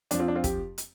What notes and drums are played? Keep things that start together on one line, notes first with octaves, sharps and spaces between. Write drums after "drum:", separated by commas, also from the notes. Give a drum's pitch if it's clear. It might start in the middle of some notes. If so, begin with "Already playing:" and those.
F2 F3 D4, drum: hi-hat
C4 F4
D4
C4 F4
G4, drum: kick, hi-hat
drum: hi-hat